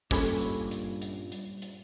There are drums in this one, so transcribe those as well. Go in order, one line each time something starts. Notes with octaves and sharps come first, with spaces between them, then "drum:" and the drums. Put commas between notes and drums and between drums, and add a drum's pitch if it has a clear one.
G2 A#2 C#4 A4 G#5 B5, drum: kick, hi-hat
drum: hi-hat
drum: hi-hat
drum: hi-hat
drum: hi-hat
drum: hi-hat